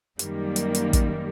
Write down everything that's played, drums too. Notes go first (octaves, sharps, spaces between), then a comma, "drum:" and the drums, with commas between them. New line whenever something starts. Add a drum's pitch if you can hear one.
F#2 D#3 G3 A#3, drum: hi-hat
drum: hi-hat
drum: hi-hat
drum: kick, hi-hat